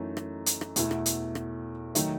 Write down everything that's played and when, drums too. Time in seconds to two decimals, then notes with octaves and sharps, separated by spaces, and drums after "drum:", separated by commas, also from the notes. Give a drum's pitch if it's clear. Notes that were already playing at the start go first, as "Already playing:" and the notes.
Already playing: F#2 E3 A3 D#4
0.17 drum: rim click
0.46 drum: hi-hat
0.61 drum: rim click
0.76 E2 B2 A3 E4, drum: hi-hat
0.91 drum: rim click
1.06 drum: hi-hat
1.35 drum: rim click
1.95 D#3 F#3 A3 D#4, drum: hi-hat